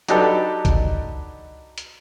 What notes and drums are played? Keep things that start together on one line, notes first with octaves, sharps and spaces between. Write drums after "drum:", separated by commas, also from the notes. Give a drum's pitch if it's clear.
F#3 D4 D#4 G4 A4 B4, drum: hi-hat
drum: kick C2, hi-hat
drum: hi-hat